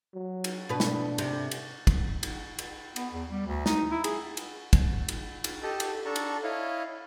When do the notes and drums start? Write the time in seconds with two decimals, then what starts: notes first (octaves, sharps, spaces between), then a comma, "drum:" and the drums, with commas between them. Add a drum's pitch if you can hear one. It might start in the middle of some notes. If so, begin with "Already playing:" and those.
0.14 F#3
0.44 drum: cymbal
0.69 B2 D4 B4
0.80 drum: snare
1.18 C3, drum: cymbal
1.51 drum: cymbal
1.87 drum: kick, cymbal
2.23 drum: cymbal
2.59 drum: cymbal
2.96 B3, drum: cymbal
3.13 E2
3.30 G3
3.46 D2
3.66 D#4, drum: snare
3.91 E4
4.04 G#4, drum: cymbal
4.37 drum: cymbal
4.73 drum: kick, cymbal
5.09 drum: cymbal
5.44 drum: cymbal
5.63 G4 A4 D#5 A5
5.80 drum: cymbal
6.05 D4 A4 A5 A#5 C#6
6.16 drum: cymbal
6.43 E4 C#5 D#5 F5